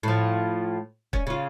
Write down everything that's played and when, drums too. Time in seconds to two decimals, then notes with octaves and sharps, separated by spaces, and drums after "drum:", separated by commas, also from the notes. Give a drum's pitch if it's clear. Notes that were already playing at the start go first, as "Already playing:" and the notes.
0.03 A2 F3
1.13 C#4, drum: kick
1.27 C#3 F4